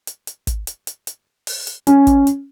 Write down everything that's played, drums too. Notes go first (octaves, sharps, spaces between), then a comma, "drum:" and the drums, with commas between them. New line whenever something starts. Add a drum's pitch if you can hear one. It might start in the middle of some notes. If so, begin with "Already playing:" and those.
drum: hi-hat
drum: hi-hat
drum: kick, hi-hat
drum: hi-hat
drum: hi-hat
drum: hi-hat
drum: open hi-hat
drum: hi-hat
C#4, drum: hi-hat
drum: kick, hi-hat
drum: hi-hat